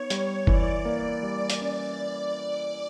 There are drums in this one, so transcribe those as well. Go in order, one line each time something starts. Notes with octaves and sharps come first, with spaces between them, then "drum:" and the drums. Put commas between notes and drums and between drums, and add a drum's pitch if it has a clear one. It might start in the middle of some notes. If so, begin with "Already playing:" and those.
Already playing: B3 D#4 C#5
G3, drum: hi-hat
E3 D5, drum: kick
A#3
G3
drum: hi-hat
C#4